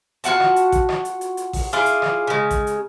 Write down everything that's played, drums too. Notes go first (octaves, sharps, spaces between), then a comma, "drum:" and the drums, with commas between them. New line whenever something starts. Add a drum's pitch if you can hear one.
F4 F#4 F#5 A5, drum: hi-hat
drum: rim click
drum: hi-hat
drum: kick A1, hi-hat
drum: rim click
drum: hi-hat
drum: hi-hat
drum: hi-hat
drum: kick A1, open hi-hat
E4 F4 G#4 D5
drum: hi-hat
drum: rim click
C#3 G#3
drum: kick A1, hi-hat
drum: hi-hat